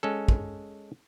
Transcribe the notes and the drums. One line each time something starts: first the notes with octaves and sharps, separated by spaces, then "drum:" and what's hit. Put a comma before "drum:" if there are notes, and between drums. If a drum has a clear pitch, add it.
G#3 C#4 A4
drum: kick